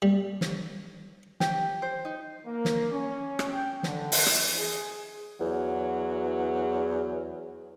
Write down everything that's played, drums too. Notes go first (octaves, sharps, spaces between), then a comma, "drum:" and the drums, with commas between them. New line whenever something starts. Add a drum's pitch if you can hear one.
G3
drum: snare
G4, drum: snare
C5
D#4
A#3
drum: snare
C#4
drum: rim click
G5
D3, drum: snare
drum: open hi-hat
E3, drum: rim click
G#4
E2 F#3